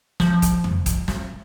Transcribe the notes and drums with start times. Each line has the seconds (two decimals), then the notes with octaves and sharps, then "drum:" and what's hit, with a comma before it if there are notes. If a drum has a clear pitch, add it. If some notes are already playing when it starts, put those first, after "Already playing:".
0.20 F3, drum: snare
0.42 drum: kick D#1, hi-hat
0.64 drum: tom
0.86 drum: kick D#1, hi-hat
1.08 drum: snare